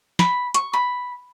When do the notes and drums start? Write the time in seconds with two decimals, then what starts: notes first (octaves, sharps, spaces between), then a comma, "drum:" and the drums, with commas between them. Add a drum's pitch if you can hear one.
0.19 B5, drum: snare
0.54 C#6, drum: hi-hat
0.73 B5